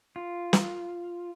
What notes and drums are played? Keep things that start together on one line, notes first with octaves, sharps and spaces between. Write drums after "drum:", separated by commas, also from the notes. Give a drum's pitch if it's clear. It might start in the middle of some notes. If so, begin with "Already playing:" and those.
F4
drum: snare